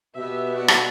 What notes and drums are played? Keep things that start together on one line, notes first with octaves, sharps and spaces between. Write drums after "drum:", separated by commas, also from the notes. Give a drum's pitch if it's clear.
B2 B3 G4 E5
F#4 D5 F#5
drum: rim click